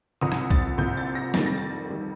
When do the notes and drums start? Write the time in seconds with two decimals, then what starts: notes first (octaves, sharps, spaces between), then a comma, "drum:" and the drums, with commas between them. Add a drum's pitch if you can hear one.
0.21 C2 C3 F3 D#6
0.32 drum: rim click
0.50 A6, drum: kick B1
0.78 C2 C3 F3 G6
0.97 A6
1.15 A#6
1.34 F2 D#3 G3 A6, drum: snare
1.46 A#6
1.57 A6
1.90 D#3 G3